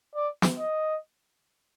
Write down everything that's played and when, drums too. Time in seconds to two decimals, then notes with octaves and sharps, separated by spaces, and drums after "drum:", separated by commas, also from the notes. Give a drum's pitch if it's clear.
0.15 D5
0.42 drum: snare
0.58 D#5